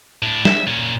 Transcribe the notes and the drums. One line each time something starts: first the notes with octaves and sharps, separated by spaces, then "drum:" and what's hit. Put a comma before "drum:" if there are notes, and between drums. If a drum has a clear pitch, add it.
A2 D4
E5, drum: snare
A#2 C#4